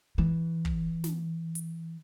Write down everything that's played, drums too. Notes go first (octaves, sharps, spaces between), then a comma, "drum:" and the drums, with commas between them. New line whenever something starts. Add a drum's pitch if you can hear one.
E3
drum: kick
drum: snare
drum: hi-hat